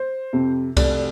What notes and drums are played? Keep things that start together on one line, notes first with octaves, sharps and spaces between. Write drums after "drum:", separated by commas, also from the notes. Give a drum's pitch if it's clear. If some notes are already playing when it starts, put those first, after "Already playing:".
Already playing: C5
F2 C3
F1 D5, drum: kick C2, cymbal